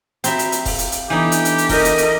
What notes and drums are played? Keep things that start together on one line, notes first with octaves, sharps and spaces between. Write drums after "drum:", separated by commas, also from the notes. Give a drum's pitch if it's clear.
C4 F#4 G4 E5 A#5 B5, drum: hi-hat
drum: hi-hat
drum: hi-hat
F5, drum: kick E1, open hi-hat
drum: hi-hat
drum: hi-hat
E3 B3 D4 D#4 G4 A4
drum: hi-hat
drum: hi-hat
drum: hi-hat
A#4 D#5, drum: kick E1, open hi-hat
drum: hi-hat
drum: hi-hat